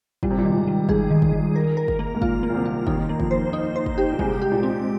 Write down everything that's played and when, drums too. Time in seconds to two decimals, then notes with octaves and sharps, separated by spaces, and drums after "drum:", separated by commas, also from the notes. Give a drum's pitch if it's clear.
0.23 A#2 G3, drum: kick
0.31 C3
0.38 A#2
0.45 D#3
0.52 A#2
0.57 G#2
0.67 G3
0.89 G#2 G#4, drum: kick
1.10 D#3
1.22 drum: kick
1.33 D#3
1.56 A#4
1.77 A#4
1.88 drum: kick
1.99 A#3
2.15 G#2
2.22 A#2 F4, drum: kick
2.43 A#3
2.50 A#2
2.54 C2 C3
2.66 F4
2.87 D#2 D#3 D#4, drum: kick
3.09 A#3
3.20 F2 F3, drum: kick
3.31 C5
3.53 D#4
3.76 C5
3.86 drum: kick
3.98 G4
4.12 A#2
4.19 C2 C3 G#3, drum: kick
4.42 G4
4.52 A#2
4.63 C4